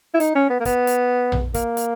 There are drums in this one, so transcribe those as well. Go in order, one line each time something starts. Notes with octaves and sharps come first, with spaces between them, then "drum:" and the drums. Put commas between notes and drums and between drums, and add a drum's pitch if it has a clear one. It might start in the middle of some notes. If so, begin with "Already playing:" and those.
E4
D#4, drum: hi-hat
C#4
B3
A#3
B3, drum: kick, hi-hat
drum: hi-hat
drum: tom A#1
A#3, drum: kick, hi-hat
drum: hi-hat